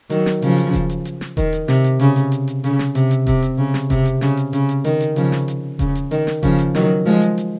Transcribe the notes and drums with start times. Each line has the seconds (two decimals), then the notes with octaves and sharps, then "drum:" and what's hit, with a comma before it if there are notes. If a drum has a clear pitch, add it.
0.10 D#3 F#3, drum: hi-hat
0.26 drum: snare
0.42 C#3 F3, drum: hi-hat
0.58 drum: hi-hat
0.74 drum: kick E1, hi-hat
0.89 drum: hi-hat
1.05 drum: hi-hat
1.21 drum: snare
1.37 D#3, drum: kick E1, hi-hat
1.53 drum: hi-hat
1.68 C3, drum: snare
1.84 drum: hi-hat
1.99 C#3, drum: hi-hat
2.16 drum: hi-hat
2.32 drum: hi-hat
2.48 drum: hi-hat
2.64 C#3, drum: hi-hat
2.79 drum: snare
2.95 C3, drum: hi-hat
3.11 drum: hi-hat
3.27 C3, drum: kick E1, hi-hat
3.42 drum: hi-hat
3.58 C#3
3.74 drum: snare
3.90 C3, drum: kick E1, hi-hat
4.06 drum: hi-hat
4.21 C#3, drum: snare
4.37 drum: hi-hat
4.53 C#3, drum: hi-hat
4.69 drum: hi-hat
4.85 D#3, drum: hi-hat
5.00 drum: hi-hat
5.16 C#3 F3, drum: hi-hat
5.32 drum: snare
5.48 drum: hi-hat
5.79 C#3, drum: kick E1, hi-hat
5.95 drum: hi-hat
6.11 D#3, drum: hi-hat
6.27 drum: snare
6.43 C#3 F3, drum: kick E1, hi-hat
6.59 drum: hi-hat
6.75 D#3 F#3, drum: snare
7.06 F3 G#3
7.22 drum: hi-hat
7.38 drum: hi-hat